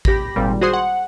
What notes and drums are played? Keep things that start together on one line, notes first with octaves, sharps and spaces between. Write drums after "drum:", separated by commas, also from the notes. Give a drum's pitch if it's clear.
G4 B5 A#6, drum: kick A1
G#1 A#2 G3
F#4 G#4 C5 C6 D#6
F#5